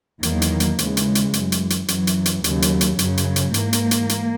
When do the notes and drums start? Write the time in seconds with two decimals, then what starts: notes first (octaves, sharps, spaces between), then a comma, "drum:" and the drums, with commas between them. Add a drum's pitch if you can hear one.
0.23 E2 D#3 F#3 A#3, drum: hi-hat
0.42 drum: hi-hat
0.60 drum: hi-hat
0.79 D#2 C#3 E3 G#3, drum: hi-hat
0.97 drum: hi-hat
1.15 drum: hi-hat
1.33 F#2 E3, drum: hi-hat
1.52 drum: hi-hat
1.70 drum: hi-hat
1.88 F#2 E3 F#3, drum: hi-hat
2.07 drum: hi-hat
2.26 drum: hi-hat
2.44 D#2 C#3 F#3, drum: hi-hat
2.62 drum: hi-hat
2.81 drum: hi-hat
2.99 F#2 C#3 F#3, drum: hi-hat
3.17 drum: hi-hat
3.36 drum: hi-hat
3.54 G#2 E3 A#3, drum: hi-hat
3.73 drum: hi-hat
3.91 drum: hi-hat
4.09 drum: hi-hat